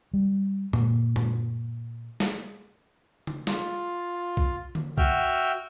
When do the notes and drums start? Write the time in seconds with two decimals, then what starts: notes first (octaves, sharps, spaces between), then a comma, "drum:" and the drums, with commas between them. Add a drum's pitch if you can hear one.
0.13 G3
0.73 A#2, drum: tom F#2
1.16 drum: tom F#2
2.20 drum: snare
3.27 drum: tom C#3
3.47 F4, drum: snare
4.37 drum: kick B1
4.75 drum: tom D3
4.98 F#4 E5 G5 F6, drum: kick B1